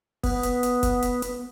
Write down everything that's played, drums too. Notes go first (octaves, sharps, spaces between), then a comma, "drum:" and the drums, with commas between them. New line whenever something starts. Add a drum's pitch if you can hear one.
B3, drum: kick, open hi-hat
drum: hi-hat
drum: hi-hat
drum: kick, hi-hat
drum: hi-hat
drum: hi-hat